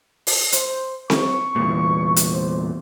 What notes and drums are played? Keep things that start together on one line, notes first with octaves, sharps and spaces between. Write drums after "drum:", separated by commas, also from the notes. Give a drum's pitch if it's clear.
drum: open hi-hat
C5, drum: hi-hat
C#6, drum: snare C4
E2 A#2
drum: hi-hat
C5